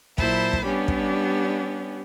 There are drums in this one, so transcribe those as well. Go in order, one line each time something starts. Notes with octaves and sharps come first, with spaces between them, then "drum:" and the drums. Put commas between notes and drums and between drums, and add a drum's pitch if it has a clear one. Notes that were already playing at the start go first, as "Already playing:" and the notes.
A#2 F#3 E4 C5 A5 B5, drum: kick
drum: kick
G3 B3 C#4 D4 G4
drum: kick